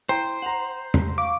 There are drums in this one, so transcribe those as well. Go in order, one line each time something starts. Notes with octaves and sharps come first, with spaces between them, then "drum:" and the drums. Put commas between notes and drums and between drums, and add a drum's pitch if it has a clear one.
E4 C5 G5 A#5
F#5 A#5 F7 F#7
drum: tom
F5 C#6 D6